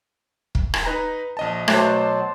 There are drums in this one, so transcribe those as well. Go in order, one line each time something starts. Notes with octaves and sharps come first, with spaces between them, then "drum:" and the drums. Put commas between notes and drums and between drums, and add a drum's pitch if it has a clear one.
drum: kick
drum: rim click
D#4 B4 A#5
A#1 D#5 A5
B2 F#3 A3 C5 A5 D6 F#6, drum: rim click